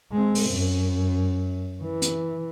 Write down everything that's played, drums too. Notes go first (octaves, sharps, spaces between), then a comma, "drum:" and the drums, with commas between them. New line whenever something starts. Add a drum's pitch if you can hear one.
G#3 C4
drum: open hi-hat
F#2
E3
drum: hi-hat